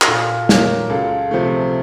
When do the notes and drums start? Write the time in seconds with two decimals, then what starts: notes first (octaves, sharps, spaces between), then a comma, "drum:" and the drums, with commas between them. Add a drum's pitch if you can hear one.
0.02 F#4, drum: clap
0.08 A#2 F4 A4
0.49 F#3 A#3, drum: snare
0.89 C#2 F4 A4
1.31 C3 F3 A3